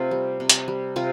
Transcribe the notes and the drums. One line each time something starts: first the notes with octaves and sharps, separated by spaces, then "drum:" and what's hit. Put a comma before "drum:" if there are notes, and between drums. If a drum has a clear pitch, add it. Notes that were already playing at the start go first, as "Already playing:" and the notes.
Already playing: C3 A3 C4 F4
G3
C3
drum: hi-hat
G3
C3 C4 F4